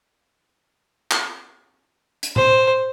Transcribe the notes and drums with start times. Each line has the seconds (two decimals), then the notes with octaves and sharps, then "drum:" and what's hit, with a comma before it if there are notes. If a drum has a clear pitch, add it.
1.11 drum: clap
2.23 drum: hi-hat
2.36 C5, drum: tom A2